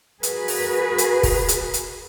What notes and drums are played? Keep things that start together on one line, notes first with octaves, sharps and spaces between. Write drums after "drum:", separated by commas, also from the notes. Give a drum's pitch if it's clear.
F#4 G#4 A#4 B4, drum: hi-hat
drum: open hi-hat
drum: hi-hat
drum: kick, open hi-hat
drum: hi-hat
drum: hi-hat